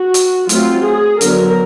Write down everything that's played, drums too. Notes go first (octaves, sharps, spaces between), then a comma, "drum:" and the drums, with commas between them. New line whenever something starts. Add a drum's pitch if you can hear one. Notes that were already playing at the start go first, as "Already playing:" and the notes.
Already playing: F#4
drum: hi-hat
F#3 A3 C4 F4, drum: hi-hat
G#4
D3 F#3 B3 A#4, drum: hi-hat